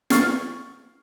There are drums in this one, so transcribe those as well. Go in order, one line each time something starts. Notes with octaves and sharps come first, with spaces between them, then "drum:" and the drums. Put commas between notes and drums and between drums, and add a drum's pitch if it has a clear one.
C#6 F6 A6 C7, drum: snare